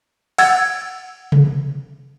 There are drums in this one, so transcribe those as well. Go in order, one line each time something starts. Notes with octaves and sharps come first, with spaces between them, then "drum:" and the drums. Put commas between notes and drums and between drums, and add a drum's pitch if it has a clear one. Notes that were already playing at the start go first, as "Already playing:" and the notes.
F#5 E6 G#6 A6, drum: cymbal
drum: tom C3